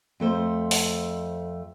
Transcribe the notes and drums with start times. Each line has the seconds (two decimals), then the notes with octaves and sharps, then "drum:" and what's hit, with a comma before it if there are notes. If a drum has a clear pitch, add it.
0.20 F2 A3 C5
0.71 drum: open hi-hat